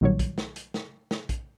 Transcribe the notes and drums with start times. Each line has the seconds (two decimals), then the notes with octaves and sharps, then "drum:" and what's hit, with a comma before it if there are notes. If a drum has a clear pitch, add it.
0.01 B1 A#2 D#3 F#3 G3 C#5
0.19 drum: kick, hi-hat
0.38 drum: snare
0.56 drum: hi-hat
0.74 drum: snare
1.11 drum: snare
1.29 drum: kick, hi-hat